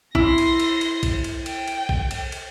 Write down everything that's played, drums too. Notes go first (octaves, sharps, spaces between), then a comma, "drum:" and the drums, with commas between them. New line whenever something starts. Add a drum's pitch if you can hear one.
E4 C6 A#6, drum: kick A#1
drum: cymbal
drum: cymbal
drum: cymbal
drum: kick A#1, cymbal
drum: cymbal
G5, drum: cymbal
drum: cymbal
drum: kick A#1
drum: cymbal
drum: cymbal